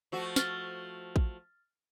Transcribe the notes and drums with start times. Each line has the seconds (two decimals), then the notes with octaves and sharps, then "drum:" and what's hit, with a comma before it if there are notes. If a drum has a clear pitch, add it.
0.12 F3 A3 F#4
0.36 F6 A6 G7, drum: snare
1.16 drum: kick A1